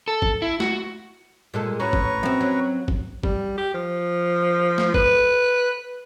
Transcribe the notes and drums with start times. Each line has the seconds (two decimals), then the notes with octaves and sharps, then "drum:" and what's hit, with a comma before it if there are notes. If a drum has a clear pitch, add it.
0.08 A4
0.22 drum: kick G1
0.42 E4
0.60 F#4, drum: snare
1.54 A#2 G#3 A4
1.80 A2 C#4 F#4 B4 A#5 C#6
1.93 drum: kick G1
2.23 F#2 C4
2.41 F#3
2.88 drum: kick G1
3.23 G3, drum: kick G1
3.58 G4
3.74 F3
4.78 drum: snare
4.94 B4, drum: kick G1